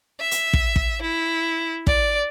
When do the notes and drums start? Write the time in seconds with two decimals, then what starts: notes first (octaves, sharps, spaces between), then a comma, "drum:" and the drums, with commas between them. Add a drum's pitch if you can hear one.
0.20 E5
0.31 drum: hi-hat
0.53 drum: kick
0.76 drum: kick
1.02 E4
1.87 D5, drum: kick